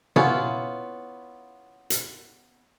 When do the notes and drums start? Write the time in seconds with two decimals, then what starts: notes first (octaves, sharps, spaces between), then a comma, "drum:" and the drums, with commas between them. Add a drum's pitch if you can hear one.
0.16 B3 C#4 E4 F4, drum: tom B2
1.90 drum: hi-hat